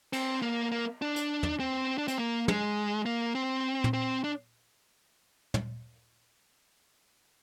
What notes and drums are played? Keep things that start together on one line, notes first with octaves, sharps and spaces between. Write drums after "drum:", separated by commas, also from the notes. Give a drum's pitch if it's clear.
C4, drum: cymbal
A#3
A#3
D4
drum: hi-hat
drum: tom
C4
D4
C4, drum: hi-hat
A#3
G#3, drum: tom
A#3
C4
drum: tom
C4
D4
drum: tom